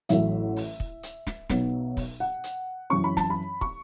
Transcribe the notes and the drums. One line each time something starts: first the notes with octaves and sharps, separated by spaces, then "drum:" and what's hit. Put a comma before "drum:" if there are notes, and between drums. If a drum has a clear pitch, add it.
A1 A2 F#3 A3 E4 E5, drum: hi-hat
drum: open hi-hat
drum: kick
drum: hi-hat
drum: snare
B1 B2 F#3 B3, drum: snare
drum: kick, open hi-hat
F#5
drum: hi-hat
F#2 E3 C#4 C#6
B5
A5, drum: snare
B5
C#6, drum: kick